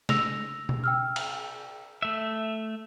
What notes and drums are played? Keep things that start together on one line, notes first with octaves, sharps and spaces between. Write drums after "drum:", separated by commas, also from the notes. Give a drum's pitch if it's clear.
E6 A#6 F7, drum: snare
drum: tom B2
G5 E6 F6
drum: cymbal
A3 E5